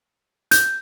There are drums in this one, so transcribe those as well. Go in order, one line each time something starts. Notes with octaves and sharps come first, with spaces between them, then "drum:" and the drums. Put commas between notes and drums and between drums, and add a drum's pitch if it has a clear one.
G6, drum: hi-hat